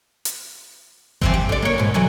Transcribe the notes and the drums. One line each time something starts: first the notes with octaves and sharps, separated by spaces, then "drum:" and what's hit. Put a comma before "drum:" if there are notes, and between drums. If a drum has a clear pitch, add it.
drum: hi-hat
E3 F3 C4, drum: kick G1
G4
D3 D5
A#3 C#5
G#2 B2
D3 E3 F#3